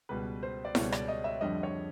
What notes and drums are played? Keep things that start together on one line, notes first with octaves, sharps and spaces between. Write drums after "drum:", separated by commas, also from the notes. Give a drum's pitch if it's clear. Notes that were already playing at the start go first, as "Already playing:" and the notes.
C#2 B2 G3 B4
C5
D5
C#2 B2 G3 C#5, drum: snare
D5, drum: rim click
D#5
E5
F2 D3 G3 D#5
C#5